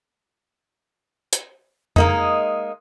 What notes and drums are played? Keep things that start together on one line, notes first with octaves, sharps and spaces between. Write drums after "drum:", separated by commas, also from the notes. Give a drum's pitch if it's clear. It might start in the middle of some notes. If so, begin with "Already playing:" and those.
drum: hi-hat
G#3 A#3 D#4, drum: tom F2